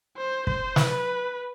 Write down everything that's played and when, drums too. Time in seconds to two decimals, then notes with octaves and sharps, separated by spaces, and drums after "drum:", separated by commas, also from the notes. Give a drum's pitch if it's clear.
0.17 C5
0.47 C5, drum: kick
0.76 B4, drum: snare